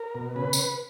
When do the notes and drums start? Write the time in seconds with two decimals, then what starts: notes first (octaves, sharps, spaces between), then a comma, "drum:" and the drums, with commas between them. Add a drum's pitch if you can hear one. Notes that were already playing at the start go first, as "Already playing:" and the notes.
Already playing: A#4
0.15 B2
0.36 C#3 B4
0.53 drum: tambourine